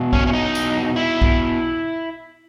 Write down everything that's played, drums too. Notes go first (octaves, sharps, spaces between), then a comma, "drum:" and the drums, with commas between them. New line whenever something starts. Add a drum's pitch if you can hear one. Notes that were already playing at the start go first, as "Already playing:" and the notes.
Already playing: E2 B2
C#4, drum: kick B1
C#4
D#4
drum: tambourine
E4
drum: kick B1